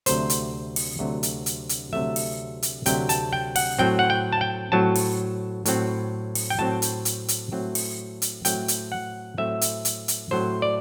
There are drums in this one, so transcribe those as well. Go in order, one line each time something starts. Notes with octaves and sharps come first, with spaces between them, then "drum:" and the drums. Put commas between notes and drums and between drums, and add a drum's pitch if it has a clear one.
D2 C3 F#3 A3 C5, drum: hi-hat
drum: hi-hat
drum: open hi-hat
D2 C3 F#3 A3
drum: hi-hat
drum: hi-hat
drum: hi-hat
D2 C3 F#3 A3 E5
drum: open hi-hat
drum: hi-hat
D2 C3 F#3 A3 G5, drum: hi-hat
A5, drum: hi-hat
G5
F#5, drum: open hi-hat
A2 F#3 C4 G5
F#5
G5
A5
G5
A2 F#3 C4 A5
drum: open hi-hat
A2 F#3 C4, drum: hi-hat
drum: open hi-hat
G5
A2 F#3 C4 A5
drum: hi-hat
drum: hi-hat
drum: hi-hat
A2 F#3 A3 C4
drum: open hi-hat
drum: hi-hat
A2 F#3 A3 C4 G5, drum: hi-hat
drum: hi-hat
F#5
A2 F#3 A3 C4 E5
drum: hi-hat
drum: hi-hat
drum: hi-hat
A2 F#3 A3 C4 C5
D5